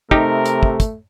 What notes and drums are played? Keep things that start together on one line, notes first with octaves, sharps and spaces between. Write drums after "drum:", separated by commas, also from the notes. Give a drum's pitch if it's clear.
C3 A3 D#4 G4 A#4, drum: kick
drum: hi-hat
drum: kick
drum: kick, hi-hat